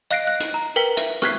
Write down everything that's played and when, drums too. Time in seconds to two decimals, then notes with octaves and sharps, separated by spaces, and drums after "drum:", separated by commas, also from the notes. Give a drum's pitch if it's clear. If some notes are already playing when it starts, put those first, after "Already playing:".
0.11 D#5 F5 F#6 A#6 C7 D7
0.27 F#6
0.40 drum: hi-hat
0.54 A#5
0.76 A#4 B4 G5 B6
0.97 E5, drum: hi-hat
1.22 C#6 F6 F#6 G#6 B6 C7, drum: rim click